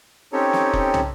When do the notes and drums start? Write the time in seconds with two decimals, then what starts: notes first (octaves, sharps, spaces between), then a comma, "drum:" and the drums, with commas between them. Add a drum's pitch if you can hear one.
0.33 C4 C#4 D#4 G4 A4 C#5
0.53 drum: snare
0.73 drum: kick
0.94 drum: tom